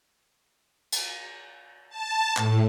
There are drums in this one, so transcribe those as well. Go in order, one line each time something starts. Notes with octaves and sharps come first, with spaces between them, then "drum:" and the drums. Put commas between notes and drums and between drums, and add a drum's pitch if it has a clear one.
drum: cymbal
A5
A2, drum: clap